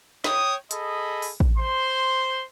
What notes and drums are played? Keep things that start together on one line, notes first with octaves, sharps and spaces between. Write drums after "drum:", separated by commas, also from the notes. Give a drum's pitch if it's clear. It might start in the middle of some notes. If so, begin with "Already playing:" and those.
C#5 G5 D#6, drum: snare
G#4 A4 D#5 B5, drum: hi-hat
drum: open hi-hat
drum: kick
C5 C6